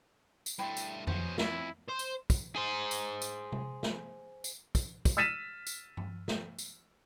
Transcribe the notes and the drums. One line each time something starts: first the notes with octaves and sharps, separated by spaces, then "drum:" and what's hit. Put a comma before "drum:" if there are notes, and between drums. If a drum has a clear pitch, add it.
drum: tambourine
G2 A3 E4 G5 C6
drum: tambourine
B2 C#4 C5, drum: tom F2
F2 E4 C#5, drum: snare
C5
drum: tambourine
drum: kick, tambourine
G#4 C5
drum: tambourine
drum: tambourine
drum: tom C3
drum: snare
drum: tambourine
drum: kick, tambourine
drum: kick, tambourine
E6 F6 A6 B6 D#7 E7
drum: tambourine
drum: tom G2
drum: snare
drum: tambourine